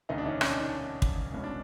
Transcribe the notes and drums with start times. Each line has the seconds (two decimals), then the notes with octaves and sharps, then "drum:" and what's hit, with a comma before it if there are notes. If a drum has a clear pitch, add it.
0.09 E1 D2 C#3 D#4
0.18 D4
0.25 C#4 D#4
0.41 C#4 D#4, drum: rim click
0.51 D4
0.61 D4
1.02 drum: kick
1.32 C2 B2 G#3 C#4
1.44 D4